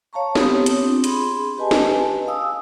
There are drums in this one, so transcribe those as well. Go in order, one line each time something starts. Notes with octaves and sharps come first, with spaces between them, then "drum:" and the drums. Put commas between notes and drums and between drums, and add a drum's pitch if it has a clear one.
C#5 F5 A5 A#5 C#6
B3 C4 G4 C#5 D#6, drum: snare
drum: hi-hat
C4 D4 F4
G#4 B5 C6, drum: hi-hat
G4 B4 D#5 G#5 A5
drum: snare
F5 G#5 D#6 E6